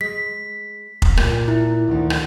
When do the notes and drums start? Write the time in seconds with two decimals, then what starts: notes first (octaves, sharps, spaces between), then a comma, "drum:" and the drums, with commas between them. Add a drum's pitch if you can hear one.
0.01 G#3 B6
1.02 drum: kick
1.17 A#2 A#3, drum: rim click
1.48 E4
1.88 D2 D3 D#3
2.10 drum: rim click